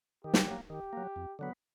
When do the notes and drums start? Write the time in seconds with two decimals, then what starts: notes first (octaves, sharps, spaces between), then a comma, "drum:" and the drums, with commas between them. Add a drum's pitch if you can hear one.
0.24 D#3 G4
0.34 drum: snare
0.47 F#3 A#3
0.70 D#3 G4
0.93 F#3 A#3
1.16 F2
1.39 D3 F#3 B3